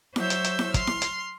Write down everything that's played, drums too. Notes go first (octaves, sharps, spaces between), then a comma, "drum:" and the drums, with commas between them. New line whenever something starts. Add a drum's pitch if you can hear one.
F#3 C5 C#5 E5 E6 G6, drum: snare E4
drum: hi-hat
drum: hi-hat
drum: snare E4
C6 F6, drum: kick, hi-hat
drum: snare E4
drum: hi-hat